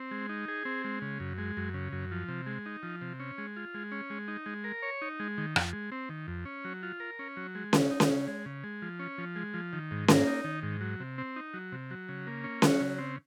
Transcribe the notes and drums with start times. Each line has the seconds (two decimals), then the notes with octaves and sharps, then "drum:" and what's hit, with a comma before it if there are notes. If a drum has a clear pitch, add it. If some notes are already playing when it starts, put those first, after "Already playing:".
Already playing: C4
0.11 G#3
0.29 D#4
0.48 G#4
0.65 C4
0.84 G#3
1.02 C#3
1.20 F#2
1.38 G#3
1.57 F#2
1.74 C#3
1.92 F#2
2.11 F3
2.28 C3
2.47 G#3
2.66 D#4
2.83 F3
3.01 C3
3.20 C#4
3.38 G#3
3.56 F4
3.74 G#3
3.92 C#4
4.10 G#3
4.28 D#4
4.46 G#3
4.64 A#4
4.82 C#5
5.02 D#4
5.20 G#3
5.38 D#3
5.56 F2, drum: rim click
5.73 G#3
5.92 C4
6.09 D#3
6.28 F2
6.45 C#4
6.65 F#3
6.83 F4
7.00 A#4
7.19 C#4
7.37 F#3
7.55 G#3
7.73 C#3, drum: snare C#4
7.91 D#4
8.00 drum: snare C#4
8.10 C#3
8.28 G#3
8.46 C#3
8.64 G#3
8.82 F3
8.99 C#4
9.18 F3
9.36 G#3
9.54 F3
9.73 D#3
9.91 G#2
10.08 A#3, drum: snare C#4
10.27 D#4
10.44 D#3
10.63 G#2
10.81 F#3
11.00 C3
11.18 C4
11.36 D#4
11.54 F#3
11.72 C3
11.90 F#3
12.09 C#3
12.27 A#3
12.44 C#4
12.62 F#3, drum: snare C#4
12.81 C#3
12.98 C4